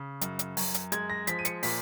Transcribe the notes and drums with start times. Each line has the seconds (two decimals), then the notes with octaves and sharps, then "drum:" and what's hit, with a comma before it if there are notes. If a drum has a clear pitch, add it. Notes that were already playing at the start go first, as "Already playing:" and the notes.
Already playing: C#3
0.21 F#2, drum: hi-hat
0.39 drum: hi-hat
0.57 F#2, drum: open hi-hat
0.74 drum: hi-hat
0.92 G#3 G#6, drum: hi-hat
1.10 A#6
1.27 F3 B6, drum: hi-hat
1.39 D#7
1.45 C#7, drum: hi-hat
1.63 A#2 B6, drum: open hi-hat